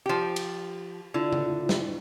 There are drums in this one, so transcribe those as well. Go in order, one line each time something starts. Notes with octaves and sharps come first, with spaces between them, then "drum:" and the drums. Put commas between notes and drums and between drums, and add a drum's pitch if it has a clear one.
F3 G4
drum: cymbal
D3 E4 F4
drum: tom C#3
drum: snare